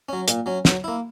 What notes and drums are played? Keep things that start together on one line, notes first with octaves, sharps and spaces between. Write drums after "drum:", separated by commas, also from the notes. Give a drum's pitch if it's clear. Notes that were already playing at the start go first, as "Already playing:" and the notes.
F#3 C#4
A#2, drum: hi-hat
F#3 C#4
F#3, drum: snare
A#3 E4